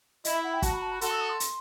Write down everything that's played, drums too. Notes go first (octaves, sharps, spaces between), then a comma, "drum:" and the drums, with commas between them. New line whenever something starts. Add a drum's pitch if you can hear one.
E4 D#5, drum: hi-hat
E5
F#5
G5
F#4 A5, drum: kick, hi-hat
B5
A5
B5
F#4 A4 C6, drum: hi-hat
E6
D#6
C6
drum: hi-hat